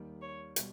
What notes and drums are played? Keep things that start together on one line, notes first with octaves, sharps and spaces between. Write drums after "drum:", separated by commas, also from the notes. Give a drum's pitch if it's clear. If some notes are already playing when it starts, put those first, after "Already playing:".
Already playing: D#2 D#3 G3 A#3
C#5
B2 G3, drum: hi-hat